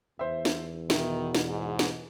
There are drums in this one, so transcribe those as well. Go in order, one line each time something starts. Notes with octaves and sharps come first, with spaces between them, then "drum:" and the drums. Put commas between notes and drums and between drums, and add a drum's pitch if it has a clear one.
E2 C5 E5
drum: snare
B2 D#3 E5, drum: snare
drum: snare
G#2
drum: snare